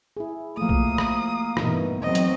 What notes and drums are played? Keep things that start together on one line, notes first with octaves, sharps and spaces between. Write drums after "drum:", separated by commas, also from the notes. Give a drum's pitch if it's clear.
E4 G#4
F3 A3 A#3 D#6
drum: kick A#1
drum: rim click
G2 B2 E3 D#4 A#4, drum: rim click
E2 F#3 C4 D#5
drum: hi-hat